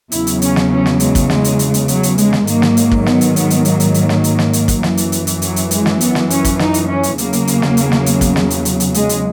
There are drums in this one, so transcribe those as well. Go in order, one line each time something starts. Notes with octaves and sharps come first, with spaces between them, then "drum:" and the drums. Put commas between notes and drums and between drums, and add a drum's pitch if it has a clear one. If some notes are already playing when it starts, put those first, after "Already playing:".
E2 C#3 F#3 E4, drum: hi-hat
drum: hi-hat
C#4, drum: hi-hat
drum: snare
C#4
drum: snare
G#3, drum: hi-hat
drum: kick, hi-hat
G#3, drum: snare
drum: hi-hat
drum: hi-hat
drum: hi-hat
F#3, drum: hi-hat
drum: hi-hat
G#3, drum: hi-hat
drum: snare
G#2 D#3 F#3 A#3, drum: hi-hat
drum: snare
drum: hi-hat
drum: kick
B3, drum: snare
drum: hi-hat
B3, drum: hi-hat
drum: hi-hat
A#3, drum: hi-hat
drum: hi-hat
A#3, drum: hi-hat
drum: snare
drum: hi-hat
drum: snare
drum: hi-hat
drum: kick, hi-hat
F#2 E3, drum: snare
drum: hi-hat
drum: hi-hat
drum: hi-hat
F#3, drum: hi-hat
drum: hi-hat
G#3, drum: hi-hat
drum: snare
B3, drum: hi-hat
drum: snare
C#4, drum: hi-hat
drum: kick, hi-hat
D#4, drum: snare
drum: hi-hat
C#4
drum: hi-hat
E2 C#3 F#3 A#3, drum: hi-hat
drum: hi-hat
drum: hi-hat
drum: snare
drum: hi-hat
drum: snare
drum: hi-hat
drum: kick, hi-hat
drum: snare
drum: hi-hat
drum: hi-hat
drum: hi-hat
G#3, drum: hi-hat
drum: hi-hat